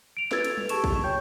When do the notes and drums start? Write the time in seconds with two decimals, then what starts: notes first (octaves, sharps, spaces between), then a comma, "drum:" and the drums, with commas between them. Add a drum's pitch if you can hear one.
0.17 D7 F7
0.31 A4 B4 E6 G#6 A6, drum: snare
0.44 drum: cymbal
0.58 drum: tom G3
0.69 G4 G#4 A5 C#6 E7, drum: cymbal
0.84 drum: kick
1.04 C#5 G5 C#6 G6